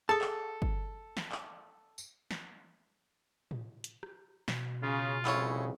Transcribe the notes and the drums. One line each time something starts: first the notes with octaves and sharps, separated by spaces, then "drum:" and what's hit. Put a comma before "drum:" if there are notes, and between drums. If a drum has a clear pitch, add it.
G#4 A4 A5 D#6
drum: clap
drum: kick G1
drum: snare
drum: clap
drum: tambourine
drum: snare
drum: tom A2
drum: hi-hat
drum: rim click
B2, drum: snare
C#3 F4
C2 F2 C#3 E4 C#5, drum: clap